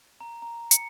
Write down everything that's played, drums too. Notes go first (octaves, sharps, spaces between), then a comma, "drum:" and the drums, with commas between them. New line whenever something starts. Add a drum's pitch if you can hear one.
A#5
A#5
C#7, drum: hi-hat